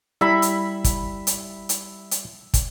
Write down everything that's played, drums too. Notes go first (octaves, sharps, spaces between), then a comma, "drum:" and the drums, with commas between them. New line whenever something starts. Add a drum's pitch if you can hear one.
G3 E4 E5 A#5 B5
drum: hi-hat
drum: kick, hi-hat
drum: hi-hat
drum: hi-hat
drum: hi-hat
drum: kick, hi-hat